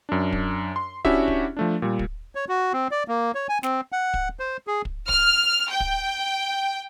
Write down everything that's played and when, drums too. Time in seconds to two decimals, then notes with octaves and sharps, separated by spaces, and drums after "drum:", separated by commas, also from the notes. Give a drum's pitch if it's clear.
0.09 F#2 D4
0.33 drum: kick
0.76 C6
1.05 C#4 D4 E4 F#4 G4 E5, drum: kick
1.28 drum: kick
1.57 F3 A3 D4
1.82 A#2 G3
1.99 drum: kick
2.35 C#5
2.49 F#4
2.73 C4
2.91 D5
3.08 A#3
3.35 C#5
3.49 G#5
3.63 C4, drum: snare
3.92 F#5
4.14 drum: kick
4.39 C5
4.67 G#4
4.85 drum: kick
5.09 F6, drum: kick
5.69 G5
5.80 drum: kick